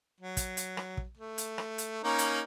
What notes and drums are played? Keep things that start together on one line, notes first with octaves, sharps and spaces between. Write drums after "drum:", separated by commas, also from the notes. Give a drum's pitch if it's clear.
F#3
drum: kick, hi-hat
drum: hi-hat
drum: rim click
drum: kick
A3
drum: hi-hat
drum: rim click
drum: hi-hat
A#3 C#4 D#4
drum: hi-hat